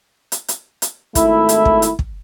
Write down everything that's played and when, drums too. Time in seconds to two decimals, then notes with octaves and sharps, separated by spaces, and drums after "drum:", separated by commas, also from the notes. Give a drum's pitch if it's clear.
0.32 drum: hi-hat
0.48 drum: hi-hat
0.82 drum: hi-hat
1.15 G#1 A3 E4, drum: kick, hi-hat
1.49 drum: hi-hat
1.65 drum: kick
1.82 drum: hi-hat
1.99 drum: kick